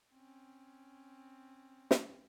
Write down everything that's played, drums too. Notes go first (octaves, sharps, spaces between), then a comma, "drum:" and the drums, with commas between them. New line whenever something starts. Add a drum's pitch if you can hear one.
C4 C#4
drum: snare